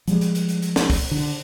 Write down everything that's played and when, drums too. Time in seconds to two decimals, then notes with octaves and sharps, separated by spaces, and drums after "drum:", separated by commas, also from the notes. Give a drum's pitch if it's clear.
0.08 F3 G3 G#3, drum: hi-hat
0.21 drum: hi-hat
0.35 drum: hi-hat
0.49 drum: hi-hat
0.62 drum: hi-hat
0.76 drum: snare
0.90 drum: kick, open hi-hat
1.11 D3